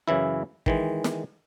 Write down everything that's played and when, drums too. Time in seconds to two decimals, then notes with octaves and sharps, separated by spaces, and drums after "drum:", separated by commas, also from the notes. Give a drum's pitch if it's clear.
0.08 F#2 C#3 E3 E4
0.66 D#3 E3 G#3, drum: kick
1.04 drum: snare